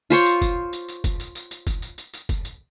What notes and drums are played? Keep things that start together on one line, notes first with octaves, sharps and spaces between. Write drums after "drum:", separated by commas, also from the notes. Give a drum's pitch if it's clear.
F4 C5 C#5
drum: tambourine
drum: kick, tambourine
drum: tambourine
drum: tambourine
drum: kick, tambourine
drum: tambourine
drum: tambourine
drum: tambourine
drum: kick, tambourine
drum: tambourine
drum: tambourine
drum: tambourine
drum: kick, tambourine
drum: tambourine